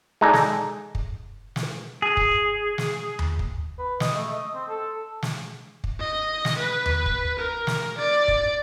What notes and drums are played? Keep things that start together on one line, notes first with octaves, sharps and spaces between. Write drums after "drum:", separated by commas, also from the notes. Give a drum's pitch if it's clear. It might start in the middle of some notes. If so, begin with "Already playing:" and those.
G#3 D#4 A4 D5 G#5
drum: snare
drum: kick
drum: snare
G#4
drum: kick
drum: snare
drum: tom D#2
drum: kick
B4
D#5, drum: snare
A3
D#5
C4
A4
drum: snare
drum: kick
D#5
drum: snare
B4
drum: tom D#2
drum: kick
A#4
drum: snare
D5
drum: kick